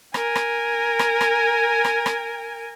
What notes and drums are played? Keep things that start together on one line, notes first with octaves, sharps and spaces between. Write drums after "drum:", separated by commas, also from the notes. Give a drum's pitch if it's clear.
A#4 G#5, drum: rim click
drum: rim click
drum: rim click
drum: rim click
drum: rim click
drum: rim click